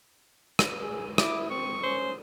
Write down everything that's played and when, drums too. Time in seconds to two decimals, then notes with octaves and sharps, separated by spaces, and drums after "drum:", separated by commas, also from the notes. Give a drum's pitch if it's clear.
0.59 drum: rim click
0.81 G#4
1.18 E4 D6, drum: rim click
1.50 C4 C#6
1.83 C#4 C5